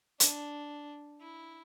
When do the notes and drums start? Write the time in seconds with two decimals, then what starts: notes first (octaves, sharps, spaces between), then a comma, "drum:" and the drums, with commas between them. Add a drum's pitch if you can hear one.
0.20 D4, drum: hi-hat
1.21 E4